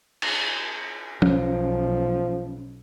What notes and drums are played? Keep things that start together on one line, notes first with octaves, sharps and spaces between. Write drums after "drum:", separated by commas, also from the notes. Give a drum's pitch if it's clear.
drum: cymbal
B1 F3 C#4, drum: tom F3